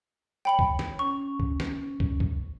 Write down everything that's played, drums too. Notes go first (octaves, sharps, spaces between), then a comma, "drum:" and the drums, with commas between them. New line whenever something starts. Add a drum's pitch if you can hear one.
C#5 G5 B5 F#7
drum: kick
drum: snare
C#4 C#6
drum: kick
drum: snare
drum: kick
drum: kick